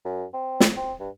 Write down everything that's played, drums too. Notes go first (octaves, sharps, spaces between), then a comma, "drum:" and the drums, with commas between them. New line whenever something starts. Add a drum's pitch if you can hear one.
F#2
C4
drum: snare
C4
G2